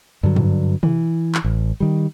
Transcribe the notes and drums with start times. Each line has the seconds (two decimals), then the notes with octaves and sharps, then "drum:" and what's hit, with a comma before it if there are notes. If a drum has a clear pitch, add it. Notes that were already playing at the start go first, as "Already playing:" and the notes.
0.23 G2 D3 F#3
0.36 drum: tom
0.83 E3, drum: tom
1.35 drum: clap
1.44 A1
1.80 D#3 G3